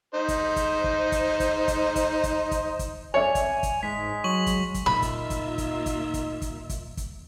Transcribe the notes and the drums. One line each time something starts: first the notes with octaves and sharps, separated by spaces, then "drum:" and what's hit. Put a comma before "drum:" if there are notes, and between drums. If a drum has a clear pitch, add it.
D#4 C5
drum: kick, hi-hat
drum: kick, hi-hat
drum: kick
drum: kick, hi-hat
drum: kick, hi-hat
drum: kick, hi-hat
drum: kick, hi-hat
drum: kick, hi-hat
drum: kick, hi-hat
drum: kick, hi-hat
C#5 D5 E5 G#5 F7
drum: kick, hi-hat
drum: kick, hi-hat
G#2 G#3 B6
F#3 C#6 F#7
drum: kick, hi-hat
drum: kick, hi-hat
A#2 A#3 D#4 F4 E5 B5
drum: kick, hi-hat
drum: kick, hi-hat
drum: kick, hi-hat
drum: kick, hi-hat
drum: kick, hi-hat
drum: kick, hi-hat
drum: kick, hi-hat
drum: kick, hi-hat